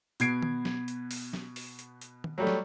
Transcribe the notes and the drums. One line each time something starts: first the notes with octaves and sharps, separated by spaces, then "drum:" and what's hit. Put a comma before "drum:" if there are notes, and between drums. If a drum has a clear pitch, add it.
B2 B3 G#6 C7 D7, drum: hi-hat
drum: tom D#3
drum: snare
drum: hi-hat
drum: open hi-hat
drum: snare
drum: open hi-hat
drum: hi-hat
drum: hi-hat
drum: tom D#3
F#3 G3 A3
drum: snare